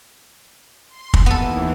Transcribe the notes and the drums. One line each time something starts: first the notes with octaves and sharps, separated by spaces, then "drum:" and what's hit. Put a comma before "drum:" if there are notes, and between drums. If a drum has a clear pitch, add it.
C6
drum: kick
D#2 E3 B3 A4